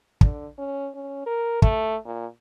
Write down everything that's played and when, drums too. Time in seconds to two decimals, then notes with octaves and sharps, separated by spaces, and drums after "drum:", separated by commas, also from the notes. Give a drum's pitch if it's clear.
0.21 D3, drum: kick
0.58 C#4
0.95 C#4
1.26 A#4
1.62 A3, drum: kick
2.05 A#2